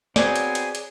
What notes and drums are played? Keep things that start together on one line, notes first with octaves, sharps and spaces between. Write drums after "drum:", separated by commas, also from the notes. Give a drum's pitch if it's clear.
F#3 B3 C4 G#4 C#5 D5 G#5, drum: snare
drum: hi-hat
drum: hi-hat
drum: hi-hat